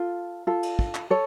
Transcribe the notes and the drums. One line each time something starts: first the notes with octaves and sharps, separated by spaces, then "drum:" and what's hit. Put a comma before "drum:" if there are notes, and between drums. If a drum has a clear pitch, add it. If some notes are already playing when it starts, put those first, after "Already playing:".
Already playing: F4 A4
F4 A4
drum: cymbal
drum: kick
drum: clap
A4 C#5